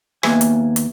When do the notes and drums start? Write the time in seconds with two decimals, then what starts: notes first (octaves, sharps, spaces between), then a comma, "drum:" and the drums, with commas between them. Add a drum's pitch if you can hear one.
0.23 D#2 A#3 B3 E5 G#5, drum: rim click
0.41 drum: hi-hat
0.76 drum: hi-hat